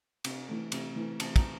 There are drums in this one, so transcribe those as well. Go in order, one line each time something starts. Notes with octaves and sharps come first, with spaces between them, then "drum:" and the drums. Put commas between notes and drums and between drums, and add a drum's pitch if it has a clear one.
C3, drum: cymbal
E3 A3
C3, drum: cymbal
E3 A3
C3 A5, drum: cymbal
A#5, drum: kick, cymbal